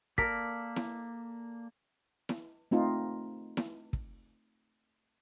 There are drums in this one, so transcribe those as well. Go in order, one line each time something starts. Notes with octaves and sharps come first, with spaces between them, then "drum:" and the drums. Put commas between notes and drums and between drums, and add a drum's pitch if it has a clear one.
A#3 A4 A#4 D5 B6, drum: kick
drum: snare E4
drum: snare E4
A3 C4 D#4 F4
drum: snare E4
drum: kick